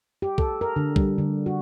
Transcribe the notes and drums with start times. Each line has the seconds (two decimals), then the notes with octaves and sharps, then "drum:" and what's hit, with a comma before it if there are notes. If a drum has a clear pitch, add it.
0.22 G4
0.38 A4, drum: kick B1
0.61 A#4
0.76 D3
0.96 G3, drum: kick B1
1.18 D3
1.46 F#4